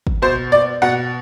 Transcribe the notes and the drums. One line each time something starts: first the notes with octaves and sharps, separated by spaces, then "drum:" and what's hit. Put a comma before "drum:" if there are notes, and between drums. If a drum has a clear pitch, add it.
drum: kick
B2 C5
D5
B2 F#5